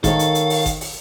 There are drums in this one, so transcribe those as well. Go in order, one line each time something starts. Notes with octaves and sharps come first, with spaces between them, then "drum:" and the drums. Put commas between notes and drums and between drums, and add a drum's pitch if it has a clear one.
D#3 A4 A#4 C#5 F5, drum: kick G1, hi-hat
drum: hi-hat
drum: hi-hat
drum: open hi-hat
drum: kick G1, hi-hat
drum: open hi-hat